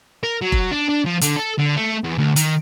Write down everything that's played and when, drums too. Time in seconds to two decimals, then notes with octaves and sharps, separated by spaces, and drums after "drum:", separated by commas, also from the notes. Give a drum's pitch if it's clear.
0.24 A#4
0.42 F#3
0.52 drum: kick F1
0.71 D4
0.89 D4
1.06 F3
1.21 D3, drum: hi-hat
1.36 A4
1.59 D3
1.76 A3
2.04 E2
2.18 D2
2.36 D#3, drum: hi-hat